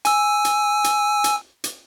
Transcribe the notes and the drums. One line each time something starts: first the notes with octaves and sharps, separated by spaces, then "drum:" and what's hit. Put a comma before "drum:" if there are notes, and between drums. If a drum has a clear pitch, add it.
G#5 E6, drum: hi-hat
drum: hi-hat
drum: hi-hat
drum: hi-hat
drum: hi-hat